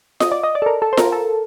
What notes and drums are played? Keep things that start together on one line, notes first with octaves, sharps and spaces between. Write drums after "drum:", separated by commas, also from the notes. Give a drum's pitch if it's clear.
D#5, drum: snare F4
D5
D#5
D5
A4
A#4
A4
C5
A#4, drum: snare F4
A4